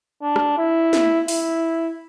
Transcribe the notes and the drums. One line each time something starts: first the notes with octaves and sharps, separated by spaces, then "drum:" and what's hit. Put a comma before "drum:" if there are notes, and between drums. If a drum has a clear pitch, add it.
D4
drum: rim click
E4
drum: snare
E4, drum: open hi-hat